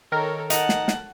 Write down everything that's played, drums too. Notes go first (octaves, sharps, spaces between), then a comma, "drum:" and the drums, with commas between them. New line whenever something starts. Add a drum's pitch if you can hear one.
D#3 A4 A#4 C#5
D#4 F#5 A5, drum: hi-hat
drum: snare
drum: snare